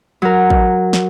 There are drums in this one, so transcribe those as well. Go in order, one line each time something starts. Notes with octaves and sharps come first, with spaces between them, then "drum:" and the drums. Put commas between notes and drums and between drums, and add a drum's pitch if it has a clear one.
F#3 A#4
drum: kick
drum: snare